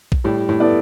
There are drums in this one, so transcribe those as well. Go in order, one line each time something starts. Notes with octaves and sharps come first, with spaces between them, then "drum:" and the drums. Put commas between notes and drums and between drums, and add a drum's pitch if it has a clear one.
drum: kick A#1
A2 G3
A2
B3 E4 A4 D5